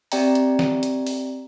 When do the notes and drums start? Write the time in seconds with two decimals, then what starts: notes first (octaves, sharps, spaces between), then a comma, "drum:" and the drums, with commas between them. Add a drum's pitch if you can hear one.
0.12 C4 G4 D5 E5 G5 A#5, drum: open hi-hat
0.35 drum: hi-hat
0.59 drum: snare
0.83 drum: hi-hat
1.07 drum: open hi-hat